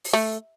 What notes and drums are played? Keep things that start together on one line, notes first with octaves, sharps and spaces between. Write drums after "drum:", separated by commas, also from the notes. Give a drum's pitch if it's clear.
drum: open hi-hat
A3